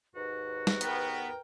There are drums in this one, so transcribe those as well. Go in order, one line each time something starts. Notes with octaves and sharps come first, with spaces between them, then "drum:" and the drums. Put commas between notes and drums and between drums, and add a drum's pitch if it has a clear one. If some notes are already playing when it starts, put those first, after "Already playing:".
D#2 G#2 F#4 B4
drum: snare
B3 A#4 G5, drum: hi-hat